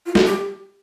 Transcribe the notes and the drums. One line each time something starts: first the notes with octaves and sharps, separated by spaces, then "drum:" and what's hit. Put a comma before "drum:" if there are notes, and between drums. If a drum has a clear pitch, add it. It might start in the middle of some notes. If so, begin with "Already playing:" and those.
F4
F#4, drum: snare
G4